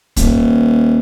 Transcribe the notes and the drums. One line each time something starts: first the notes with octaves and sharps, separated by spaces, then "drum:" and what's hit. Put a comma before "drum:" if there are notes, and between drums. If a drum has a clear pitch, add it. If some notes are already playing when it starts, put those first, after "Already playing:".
D#1, drum: kick, hi-hat